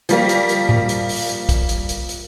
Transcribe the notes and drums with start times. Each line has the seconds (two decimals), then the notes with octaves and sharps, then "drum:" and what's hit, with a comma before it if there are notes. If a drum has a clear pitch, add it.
0.09 F3 G3 A#3, drum: hi-hat
0.29 drum: hi-hat
0.49 drum: hi-hat
0.69 drum: tom A2
0.89 drum: hi-hat
1.09 drum: open hi-hat
1.29 drum: hi-hat
1.49 drum: kick, hi-hat
1.69 drum: hi-hat
1.89 drum: hi-hat
2.09 drum: hi-hat